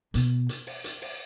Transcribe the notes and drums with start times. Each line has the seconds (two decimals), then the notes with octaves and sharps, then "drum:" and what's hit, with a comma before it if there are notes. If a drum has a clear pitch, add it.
0.14 B2, drum: hi-hat
0.49 drum: hi-hat
0.67 drum: open hi-hat
0.84 drum: hi-hat
1.02 drum: open hi-hat